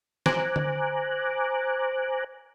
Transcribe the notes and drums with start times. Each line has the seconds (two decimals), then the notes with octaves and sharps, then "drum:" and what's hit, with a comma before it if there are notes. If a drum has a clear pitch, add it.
0.26 C5 G#5 A#5 D6 F#6, drum: snare
0.56 drum: tom D3